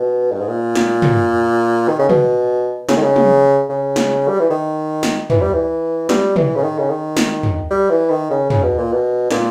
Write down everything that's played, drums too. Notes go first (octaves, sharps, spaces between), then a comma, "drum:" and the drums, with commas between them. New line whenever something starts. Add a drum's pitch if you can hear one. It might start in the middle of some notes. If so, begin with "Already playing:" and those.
Already playing: B2
G2
G#2
A#2
drum: snare
drum: tom
D#3
C#3
B2, drum: tom
C#3, drum: snare
D#3
C#3
drum: tom
C#3
drum: snare
G3
E3
D#3
drum: snare
E3, drum: tom
G3
E3
G3, drum: snare
E3, drum: tom
C#3
D#3
C#3
D#3
drum: snare
drum: tom
G3
E3
D#3
C#3
C#3, drum: tom
B2
A#2
B2
A#2, drum: snare